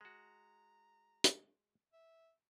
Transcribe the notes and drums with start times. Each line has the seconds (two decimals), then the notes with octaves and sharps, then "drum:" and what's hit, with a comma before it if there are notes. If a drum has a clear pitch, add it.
0.01 G#3 F#4 A#5
1.24 drum: hi-hat
1.93 E5